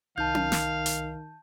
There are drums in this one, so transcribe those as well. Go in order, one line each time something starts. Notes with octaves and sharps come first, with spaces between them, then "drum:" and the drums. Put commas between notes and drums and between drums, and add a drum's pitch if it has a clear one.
C2 D#3 D#4 F5 A5 G6
drum: tom C#4
drum: snare
drum: hi-hat